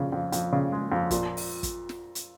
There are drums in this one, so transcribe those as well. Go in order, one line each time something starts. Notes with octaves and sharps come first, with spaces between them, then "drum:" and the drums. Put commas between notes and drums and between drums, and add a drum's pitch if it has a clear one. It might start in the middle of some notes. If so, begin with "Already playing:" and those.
Already playing: F2 C#3
F2
F2, drum: hi-hat
C#3
G#3
F2
A#2, drum: kick, hi-hat
drum: open hi-hat
drum: kick, hi-hat
drum: snare
drum: hi-hat